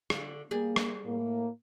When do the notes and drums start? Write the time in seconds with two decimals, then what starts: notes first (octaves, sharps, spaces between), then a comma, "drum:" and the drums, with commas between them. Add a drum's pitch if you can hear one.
0.10 D3 F4, drum: rim click
0.51 G3 A#3 G#4
0.76 drum: rim click
1.06 A2 A#3